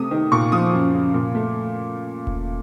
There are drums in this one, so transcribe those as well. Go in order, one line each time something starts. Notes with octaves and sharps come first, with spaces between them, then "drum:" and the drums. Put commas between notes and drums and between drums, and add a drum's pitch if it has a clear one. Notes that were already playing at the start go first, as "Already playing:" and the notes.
Already playing: C3 A3 D#6
D#3
A#2 C#6
F3 D#6
F#2
C#3
A#2
A3
drum: kick E1